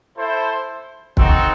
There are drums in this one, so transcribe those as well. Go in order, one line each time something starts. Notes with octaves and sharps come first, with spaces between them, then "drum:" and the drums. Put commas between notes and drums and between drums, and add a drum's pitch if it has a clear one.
E4 A4 C5
C4 D#4 F#4 A4, drum: kick